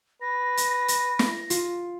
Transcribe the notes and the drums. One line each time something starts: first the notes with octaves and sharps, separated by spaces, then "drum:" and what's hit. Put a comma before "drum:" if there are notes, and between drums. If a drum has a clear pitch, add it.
B4 A#6
drum: hi-hat
drum: hi-hat
drum: snare
F4, drum: hi-hat